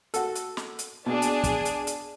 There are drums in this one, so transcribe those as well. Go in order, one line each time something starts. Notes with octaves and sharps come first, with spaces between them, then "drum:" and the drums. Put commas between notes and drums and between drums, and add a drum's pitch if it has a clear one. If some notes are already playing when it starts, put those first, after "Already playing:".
F#4 A4, drum: hi-hat
drum: hi-hat
drum: snare
drum: hi-hat
B2 D4 G#4
drum: hi-hat
drum: kick, hi-hat
drum: hi-hat
drum: hi-hat